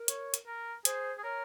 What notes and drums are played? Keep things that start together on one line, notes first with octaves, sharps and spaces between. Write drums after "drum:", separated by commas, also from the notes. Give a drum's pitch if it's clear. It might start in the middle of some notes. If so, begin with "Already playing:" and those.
Already playing: A#4
C#5, drum: hi-hat
drum: hi-hat
A#4
G#4 C5, drum: hi-hat
G#4
A#4 C#5